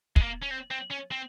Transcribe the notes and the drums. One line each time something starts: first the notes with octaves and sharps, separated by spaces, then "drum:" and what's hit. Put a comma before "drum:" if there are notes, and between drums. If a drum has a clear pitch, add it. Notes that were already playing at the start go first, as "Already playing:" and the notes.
G#3, drum: kick
A#3
C#4
C4
C4
C#4
C4